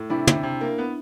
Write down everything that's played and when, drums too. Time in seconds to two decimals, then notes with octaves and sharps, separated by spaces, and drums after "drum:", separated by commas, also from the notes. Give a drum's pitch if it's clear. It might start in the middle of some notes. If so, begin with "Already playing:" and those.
Already playing: A2
0.10 C3 D4 E4
0.27 C3, drum: tom
0.43 C3
0.61 A#3
0.78 B3